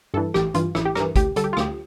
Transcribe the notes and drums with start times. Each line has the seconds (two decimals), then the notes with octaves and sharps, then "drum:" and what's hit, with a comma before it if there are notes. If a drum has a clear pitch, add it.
0.14 G2 E3 A4
0.34 A1 G4, drum: rim click
0.54 G2 E3 F4, drum: hi-hat
0.75 A1 E4, drum: rim click
0.85 G4
0.95 G2 E3 A#4, drum: rim click
1.16 D2 G4, drum: kick, hi-hat
1.36 D3 G3 A4, drum: hi-hat
1.44 G4
1.53 F4
1.57 D2 G4, drum: rim click